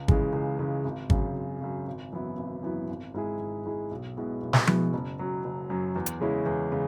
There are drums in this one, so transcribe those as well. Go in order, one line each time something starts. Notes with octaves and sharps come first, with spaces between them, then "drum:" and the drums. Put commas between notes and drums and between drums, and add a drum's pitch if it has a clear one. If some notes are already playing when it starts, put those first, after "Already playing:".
Already playing: C#2
C#3 E3 G#3, drum: kick
C#2
C#3 E3 G#3
G#1
F#2 C#3, drum: kick
G#1
F#2 C#3
G#1
F#2 E3 B3 E4
G#1
F#2 E3 B3 E4
G#1
G#2 G#3 E4 G#4
G#1
G#2 G#3 E4 G#4
B1
B2 G#3 B3 E4
B1
drum: snare
B2 G#3 B3 E4, drum: tom F3
F#1
F#2 F#3
F#1
F#2 F#3
E2
drum: hi-hat
C#3 G#3 C#4 E4
E2
C#3 G#3